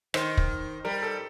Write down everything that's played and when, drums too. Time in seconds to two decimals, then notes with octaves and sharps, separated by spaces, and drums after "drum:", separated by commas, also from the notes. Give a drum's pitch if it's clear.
0.14 D#3 C5, drum: rim click
0.37 drum: kick
0.85 G3 A#4
1.03 A4